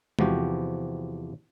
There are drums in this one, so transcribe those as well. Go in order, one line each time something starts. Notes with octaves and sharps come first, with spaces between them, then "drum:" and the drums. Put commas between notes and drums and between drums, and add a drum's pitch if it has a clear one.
E2 C3 F3 F#4 G4, drum: tom G#3